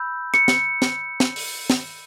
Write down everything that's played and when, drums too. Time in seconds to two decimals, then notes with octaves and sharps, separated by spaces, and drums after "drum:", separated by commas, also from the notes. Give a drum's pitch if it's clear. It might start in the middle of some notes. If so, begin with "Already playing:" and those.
Already playing: B5 E6 G6
0.34 C#7, drum: rim click
0.48 drum: snare
0.82 drum: snare
1.20 drum: snare
1.36 drum: open hi-hat
1.70 drum: snare